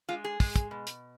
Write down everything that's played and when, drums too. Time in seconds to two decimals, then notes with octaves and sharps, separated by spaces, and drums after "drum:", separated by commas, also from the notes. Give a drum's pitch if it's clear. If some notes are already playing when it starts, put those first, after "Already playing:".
0.09 G#3 F4
0.24 G#4
0.40 G#3, drum: kick, open hi-hat
0.56 drum: kick, hi-hat
0.71 B2
0.87 drum: hi-hat